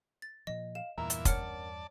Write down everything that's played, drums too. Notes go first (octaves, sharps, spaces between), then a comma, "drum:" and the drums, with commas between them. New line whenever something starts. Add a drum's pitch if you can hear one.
A6
A#2 F3 D#5
F5 E7
E2 G2 A#2 E3 E5 A#5
drum: hi-hat
C#4 A#4 C#5 D5 F#5 A5 F6 C#7, drum: kick, hi-hat